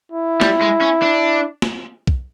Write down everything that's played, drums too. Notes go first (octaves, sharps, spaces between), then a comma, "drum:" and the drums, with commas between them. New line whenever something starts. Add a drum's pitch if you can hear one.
E4
G3, drum: snare
G#3
C#4
D4
drum: snare
drum: kick B1